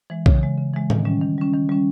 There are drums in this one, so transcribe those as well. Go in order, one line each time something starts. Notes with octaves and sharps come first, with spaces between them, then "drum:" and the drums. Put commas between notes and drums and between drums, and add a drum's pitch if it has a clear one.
E3 G#3
C#3, drum: kick B1
E3 G#3
C#3
E3 G#3
D#3, drum: tom A2
G3 C#4
D#3
G3 C#4
D#3
G3 C#4